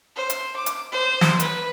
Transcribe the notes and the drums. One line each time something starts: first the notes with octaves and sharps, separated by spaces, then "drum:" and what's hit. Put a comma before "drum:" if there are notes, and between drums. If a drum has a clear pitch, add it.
C5
drum: hi-hat
D6
drum: hi-hat
C5
drum: snare
B4, drum: hi-hat